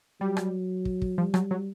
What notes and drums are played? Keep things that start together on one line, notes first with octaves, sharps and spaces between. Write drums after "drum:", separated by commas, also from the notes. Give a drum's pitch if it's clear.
F#3 G3
drum: rim click
drum: kick
drum: kick
F3 G3
F#3, drum: rim click
F#3